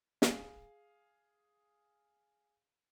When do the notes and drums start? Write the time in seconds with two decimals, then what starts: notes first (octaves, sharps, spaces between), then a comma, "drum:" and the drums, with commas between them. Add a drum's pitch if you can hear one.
0.22 G#4 F5, drum: snare